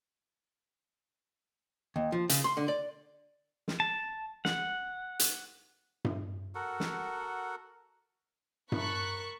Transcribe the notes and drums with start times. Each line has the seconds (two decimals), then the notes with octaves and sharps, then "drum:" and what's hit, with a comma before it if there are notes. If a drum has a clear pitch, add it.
1.96 D#2
2.12 F3
2.29 C#3, drum: hi-hat
2.44 C6
2.57 D3
2.68 D5
3.68 drum: snare
3.80 A5
4.45 F#5, drum: snare
5.19 drum: hi-hat
6.04 drum: tom G2
6.55 F#4 A4 A#4 F#5
6.80 drum: snare
8.72 A#4 A5 B5 C#6 F#6, drum: tom G2